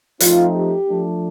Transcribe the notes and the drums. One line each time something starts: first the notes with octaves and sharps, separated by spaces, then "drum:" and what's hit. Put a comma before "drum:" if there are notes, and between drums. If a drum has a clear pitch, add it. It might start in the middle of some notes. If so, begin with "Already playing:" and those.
F3 A3 C4 D#4 F4, drum: hi-hat
G4
F3 A3 D4